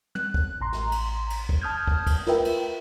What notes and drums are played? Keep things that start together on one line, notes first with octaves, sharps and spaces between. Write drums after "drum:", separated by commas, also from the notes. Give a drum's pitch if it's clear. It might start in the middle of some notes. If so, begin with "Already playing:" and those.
F#6, drum: tom
drum: kick
A1 A#5 C6
drum: snare
drum: cymbal
drum: cymbal
drum: kick
A5 D#6 F6 G6 G#6
drum: kick
drum: kick, cymbal
F4 A#4 B4 E5 G5, drum: snare
drum: cymbal